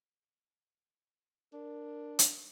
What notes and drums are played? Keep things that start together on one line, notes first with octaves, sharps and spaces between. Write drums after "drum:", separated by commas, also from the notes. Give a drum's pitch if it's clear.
D4 A#4
drum: hi-hat